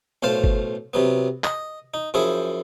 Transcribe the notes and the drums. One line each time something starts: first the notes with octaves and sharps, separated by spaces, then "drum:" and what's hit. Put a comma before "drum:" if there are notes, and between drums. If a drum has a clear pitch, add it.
B1 A2 C5 F5 A5
drum: kick G1
C3 F#3 B3
D#5, drum: clap
D#4
F#2 F3 E4 G#4